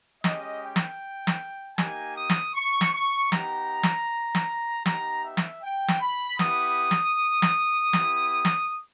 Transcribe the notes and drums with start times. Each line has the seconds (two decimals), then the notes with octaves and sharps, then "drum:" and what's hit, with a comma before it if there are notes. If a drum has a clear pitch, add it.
0.24 G#3 C#4 G4 D#5, drum: snare
0.63 G5
0.76 drum: snare
1.27 drum: snare
1.78 A#3 D#4 G4 G#5, drum: snare
2.16 D#6
2.30 drum: snare
2.55 C#6
2.81 drum: snare
2.94 C#6
3.32 B3 D#4 G4 A#5, drum: snare
3.83 drum: snare
4.35 drum: snare
4.86 B3 D#4 G4 A#5, drum: snare
5.24 E5
5.37 drum: snare
5.63 G5
5.88 drum: snare
6.01 B5
6.39 B3 E4 G4 D#6, drum: snare
6.91 drum: snare
7.42 drum: snare
7.93 B3 E4 G4, drum: snare
8.45 drum: snare